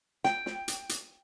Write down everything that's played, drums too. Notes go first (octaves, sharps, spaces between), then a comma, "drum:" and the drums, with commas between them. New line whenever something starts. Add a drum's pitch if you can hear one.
G5, drum: snare
drum: snare
drum: hi-hat
drum: hi-hat